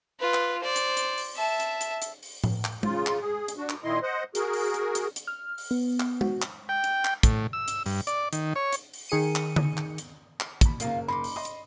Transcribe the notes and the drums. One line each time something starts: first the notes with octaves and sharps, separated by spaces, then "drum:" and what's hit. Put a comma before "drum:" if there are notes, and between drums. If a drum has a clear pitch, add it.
F4 B4
drum: clap
C5 D5
drum: hi-hat
drum: hi-hat
drum: open hi-hat
E5 A5
drum: hi-hat
drum: hi-hat
drum: hi-hat
drum: open hi-hat
drum: tom A2
drum: clap
C#3 F4, drum: tom G#3
drum: clap
G#4
drum: hi-hat
D4 F#4
drum: clap
A#2 D#3 E4 D#5 C6
C5 D#5 F#5
F#4 G#4 A#4, drum: hi-hat
drum: open hi-hat
drum: hi-hat
drum: hi-hat
drum: hi-hat
F6
drum: open hi-hat
B3
drum: clap
F#4, drum: tom G#3
drum: clap
G5
drum: hi-hat
drum: clap
A2, drum: kick, hi-hat
E6
drum: hi-hat
G2, drum: open hi-hat
D5, drum: hi-hat
D#3, drum: hi-hat
C#5
drum: hi-hat
drum: open hi-hat
D#3 G#4 C#7 D#7
drum: clap
drum: tom D3
drum: clap
drum: hi-hat
drum: clap
D#2 B5, drum: kick, hi-hat
F#1 A#3 D#4 F4 F5, drum: hi-hat
D#4 B5 C6 D6
drum: open hi-hat
D#5 C6 D#6
drum: hi-hat